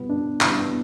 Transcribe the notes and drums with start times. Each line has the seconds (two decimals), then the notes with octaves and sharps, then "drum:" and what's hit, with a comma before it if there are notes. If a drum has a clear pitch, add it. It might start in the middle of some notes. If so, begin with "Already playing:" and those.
Already playing: B2 G3 B3
0.09 D4
0.41 B2 G3 E4, drum: clap
0.50 D4
0.59 B3